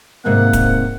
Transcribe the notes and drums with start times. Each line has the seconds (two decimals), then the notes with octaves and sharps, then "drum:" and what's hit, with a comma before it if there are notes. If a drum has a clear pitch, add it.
0.25 D#2 G#2 C3 A#3 F#5
0.53 drum: kick D1, hi-hat